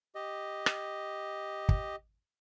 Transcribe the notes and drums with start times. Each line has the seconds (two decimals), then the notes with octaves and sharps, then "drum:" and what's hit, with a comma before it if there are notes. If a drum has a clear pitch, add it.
0.15 G4 D#5
0.66 drum: rim click
1.69 drum: kick